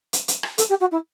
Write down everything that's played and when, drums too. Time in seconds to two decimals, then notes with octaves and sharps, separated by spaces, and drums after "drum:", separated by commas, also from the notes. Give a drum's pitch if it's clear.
0.13 drum: hi-hat
0.28 drum: hi-hat
0.43 drum: rim click
0.58 A4, drum: hi-hat
0.69 G4
0.81 F#4
0.92 E4